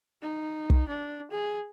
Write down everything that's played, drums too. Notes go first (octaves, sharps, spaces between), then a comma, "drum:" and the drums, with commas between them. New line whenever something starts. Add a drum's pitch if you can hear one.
D#4
drum: kick
D4
G#4